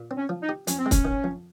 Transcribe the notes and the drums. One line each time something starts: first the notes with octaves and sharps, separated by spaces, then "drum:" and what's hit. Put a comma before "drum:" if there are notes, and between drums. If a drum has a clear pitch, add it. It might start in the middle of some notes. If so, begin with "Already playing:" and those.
Already playing: A#2
C4
C#4
F3
D#4
G4
F2 C#4, drum: hi-hat
C4
G#3
C#4, drum: kick, hi-hat
D#3
F2